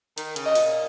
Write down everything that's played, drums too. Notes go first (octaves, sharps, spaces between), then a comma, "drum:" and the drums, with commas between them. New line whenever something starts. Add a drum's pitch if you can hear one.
D#3, drum: hi-hat
C#3, drum: hi-hat
D#5
A#2, drum: open hi-hat